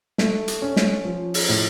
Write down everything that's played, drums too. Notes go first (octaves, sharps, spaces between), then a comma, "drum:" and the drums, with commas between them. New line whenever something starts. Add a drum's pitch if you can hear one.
A3, drum: snare
drum: hi-hat
C#4
drum: snare
F3
drum: open hi-hat
A2